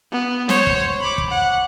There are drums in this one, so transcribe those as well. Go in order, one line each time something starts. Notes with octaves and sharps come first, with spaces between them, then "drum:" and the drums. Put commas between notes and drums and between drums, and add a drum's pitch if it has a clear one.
B3
C5 C#5, drum: snare
drum: kick
B5 D6
drum: kick
F#5